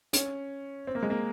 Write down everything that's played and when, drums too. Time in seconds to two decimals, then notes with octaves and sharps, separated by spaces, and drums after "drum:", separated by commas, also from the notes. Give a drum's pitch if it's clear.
0.13 C#4, drum: hi-hat
0.87 C4
0.95 A#3
1.03 G#3
1.10 A#3